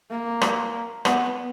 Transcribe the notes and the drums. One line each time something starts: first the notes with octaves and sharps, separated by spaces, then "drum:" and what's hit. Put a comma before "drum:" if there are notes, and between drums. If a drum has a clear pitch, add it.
A#3
drum: rim click
B3, drum: rim click